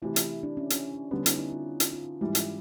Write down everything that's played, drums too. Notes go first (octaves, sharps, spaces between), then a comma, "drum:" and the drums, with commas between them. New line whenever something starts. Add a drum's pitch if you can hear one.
C3 E3 A3 E4
E4, drum: hi-hat
D4
C#4
drum: hi-hat
D3 G3 B3 C#4
D#4, drum: hi-hat
E4
F4
drum: hi-hat
F4
G#2 E3 G3 E4
drum: hi-hat